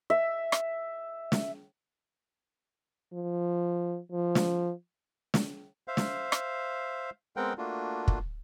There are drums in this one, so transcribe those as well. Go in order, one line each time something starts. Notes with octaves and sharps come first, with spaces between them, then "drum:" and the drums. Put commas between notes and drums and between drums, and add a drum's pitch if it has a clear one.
E5
drum: rim click
drum: snare
F3
F3
drum: snare
drum: snare
C5 E5 F5
drum: snare
drum: rim click
G#3 B3 C4 A#4 F#5 G5
A3 A#3 D4 F4 F#4
drum: kick